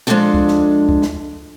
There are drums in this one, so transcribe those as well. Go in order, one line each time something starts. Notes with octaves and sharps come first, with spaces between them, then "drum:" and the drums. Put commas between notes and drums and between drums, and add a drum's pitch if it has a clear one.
F3 G#3 A#3 C#4 D4 A4
drum: kick C2
drum: snare
drum: kick C2
drum: snare